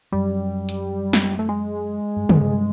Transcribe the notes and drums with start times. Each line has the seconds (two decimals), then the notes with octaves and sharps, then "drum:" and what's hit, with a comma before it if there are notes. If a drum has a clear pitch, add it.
0.12 F#2 G3
0.69 drum: hi-hat
1.13 drum: snare
1.39 A3
1.49 G#3
2.16 G2
2.29 F#2, drum: tom
2.41 G2